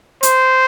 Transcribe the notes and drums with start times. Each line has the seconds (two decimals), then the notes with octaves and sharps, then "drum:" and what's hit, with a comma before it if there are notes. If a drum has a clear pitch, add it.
0.23 C5, drum: hi-hat